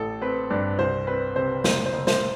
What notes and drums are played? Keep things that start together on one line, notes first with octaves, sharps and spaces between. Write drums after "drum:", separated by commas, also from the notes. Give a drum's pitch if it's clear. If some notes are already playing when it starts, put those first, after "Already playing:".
Already playing: A1 A4
C4 B4
G2 D5
C2 C5
C4 B4
C3 C5
F#1 C5, drum: snare
C5
F#1
C5, drum: snare